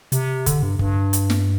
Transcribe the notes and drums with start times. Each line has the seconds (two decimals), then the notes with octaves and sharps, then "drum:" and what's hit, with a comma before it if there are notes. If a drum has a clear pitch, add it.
0.12 C3, drum: hi-hat
0.46 D3, drum: kick, hi-hat
0.63 G2
0.79 G2, drum: kick
1.13 drum: hi-hat
1.30 drum: snare